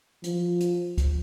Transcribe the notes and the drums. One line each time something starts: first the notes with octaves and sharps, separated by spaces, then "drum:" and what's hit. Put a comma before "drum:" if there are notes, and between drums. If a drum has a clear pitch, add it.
F3, drum: hi-hat
drum: hi-hat
drum: kick C#2, hi-hat